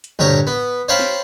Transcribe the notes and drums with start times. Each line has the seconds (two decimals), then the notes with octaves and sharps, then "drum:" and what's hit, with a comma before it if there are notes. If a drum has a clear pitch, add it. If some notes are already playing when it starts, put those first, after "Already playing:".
0.04 drum: hi-hat
0.19 D2 G2 G4 C#5 A#5, drum: tom
0.47 B3
0.88 C5 C#5 F5 G5 A5 B5
0.99 drum: snare